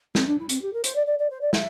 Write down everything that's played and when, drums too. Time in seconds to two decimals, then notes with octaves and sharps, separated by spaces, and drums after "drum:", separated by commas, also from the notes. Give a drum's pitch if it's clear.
0.15 C4, drum: snare
0.27 D4
0.39 E4
0.49 C4, drum: hi-hat
0.62 G4
0.73 A#4
0.84 C5, drum: hi-hat
0.95 D5
1.06 D5
1.19 D5
1.30 C5
1.41 D5
1.53 E5, drum: snare